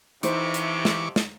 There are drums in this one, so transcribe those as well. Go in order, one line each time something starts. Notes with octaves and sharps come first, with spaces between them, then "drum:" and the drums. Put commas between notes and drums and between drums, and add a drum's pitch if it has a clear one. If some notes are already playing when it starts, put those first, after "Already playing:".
F2 C3 E3 D#4 E4 C5 C#6 D6, drum: hi-hat
drum: hi-hat
drum: snare
drum: snare